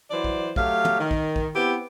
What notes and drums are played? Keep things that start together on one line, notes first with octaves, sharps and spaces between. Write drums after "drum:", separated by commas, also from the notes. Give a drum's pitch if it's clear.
E3 F#3 C5 D5
drum: kick
F#3 A3 G4 F5, drum: kick
drum: tom
D#3
drum: kick
drum: kick
B3 C4 E4 G4